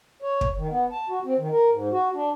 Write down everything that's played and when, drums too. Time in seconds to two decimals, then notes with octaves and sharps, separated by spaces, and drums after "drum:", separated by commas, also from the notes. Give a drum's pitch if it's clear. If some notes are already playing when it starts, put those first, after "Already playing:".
0.22 C#5
0.41 drum: kick
0.58 D#3
0.71 B3
0.92 A5
1.09 F#4
1.24 C4
1.38 D#3
1.52 A#4
1.70 G#2
1.92 F#4
2.14 D4